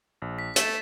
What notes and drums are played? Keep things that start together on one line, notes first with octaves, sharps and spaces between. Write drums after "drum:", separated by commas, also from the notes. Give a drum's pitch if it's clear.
A#1
B6
A3 A6 B6 E7, drum: hi-hat